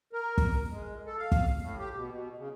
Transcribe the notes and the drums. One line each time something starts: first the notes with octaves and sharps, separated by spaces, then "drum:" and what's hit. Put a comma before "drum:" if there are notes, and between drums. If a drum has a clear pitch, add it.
A#4
drum: kick
G#3
A4
F5
drum: kick
A2
G4
B2
B2
C#3